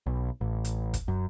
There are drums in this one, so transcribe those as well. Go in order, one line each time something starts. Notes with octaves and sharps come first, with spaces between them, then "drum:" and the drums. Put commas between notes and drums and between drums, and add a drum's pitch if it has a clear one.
B1
A1
drum: hi-hat
drum: kick, hi-hat
F#2